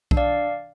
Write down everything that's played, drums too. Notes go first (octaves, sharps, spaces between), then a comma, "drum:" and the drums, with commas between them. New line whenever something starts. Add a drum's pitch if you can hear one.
D4, drum: kick B1
D5 F5